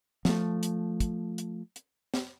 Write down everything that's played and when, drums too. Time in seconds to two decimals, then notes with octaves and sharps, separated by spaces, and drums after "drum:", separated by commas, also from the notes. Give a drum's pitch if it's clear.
0.25 F3 A3, drum: snare
0.63 drum: hi-hat
1.00 drum: kick, hi-hat
1.38 drum: hi-hat
1.76 drum: hi-hat
2.14 drum: snare